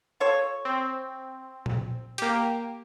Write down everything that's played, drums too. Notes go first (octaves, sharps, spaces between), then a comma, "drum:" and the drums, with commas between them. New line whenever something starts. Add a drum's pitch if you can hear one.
F4 A4 C#5
C4
drum: tom A#2
A#3 G4, drum: hi-hat